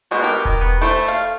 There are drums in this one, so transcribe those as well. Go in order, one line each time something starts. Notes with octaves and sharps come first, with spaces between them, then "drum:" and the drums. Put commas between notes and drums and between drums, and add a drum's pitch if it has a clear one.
B2 G#3 F#4
G4 A#4
D#3, drum: kick E1
B3
A3 E4 C5 E5
F5